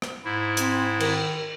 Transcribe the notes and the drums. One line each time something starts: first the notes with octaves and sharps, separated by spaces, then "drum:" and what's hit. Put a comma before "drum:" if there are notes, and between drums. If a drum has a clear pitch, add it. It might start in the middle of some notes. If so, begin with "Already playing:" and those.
drum: rim click
G#2 E4
C4, drum: hi-hat
D#3, drum: cymbal